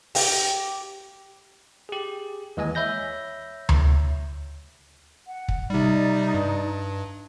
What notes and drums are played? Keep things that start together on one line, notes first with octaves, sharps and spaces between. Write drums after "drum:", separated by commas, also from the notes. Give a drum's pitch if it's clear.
G4, drum: open hi-hat
G4 G#4
D#2 E3 G#3 D#5 G#5
C#5 E5 B5 G6 A#6
drum: tom D2
F#5
drum: kick
C3 G3 D#4 D5
G2